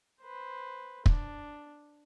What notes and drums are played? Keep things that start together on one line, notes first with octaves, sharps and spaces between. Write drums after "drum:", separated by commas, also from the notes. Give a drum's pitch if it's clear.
B4 C5
D4, drum: kick